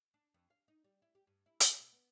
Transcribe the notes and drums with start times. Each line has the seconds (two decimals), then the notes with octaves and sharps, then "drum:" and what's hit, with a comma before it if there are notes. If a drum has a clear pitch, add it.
0.14 D4
0.34 F2
0.50 F5
0.68 D#4
0.84 G3
1.02 E4
1.15 G4
1.27 G2
1.46 E4
1.61 D#2, drum: hi-hat
1.79 B2
1.93 B3